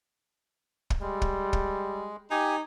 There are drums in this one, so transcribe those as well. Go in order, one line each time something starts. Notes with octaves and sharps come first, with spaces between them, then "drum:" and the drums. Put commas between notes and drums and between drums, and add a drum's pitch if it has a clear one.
drum: kick
G3 G#3
drum: kick
drum: kick
D#4 G4 G#5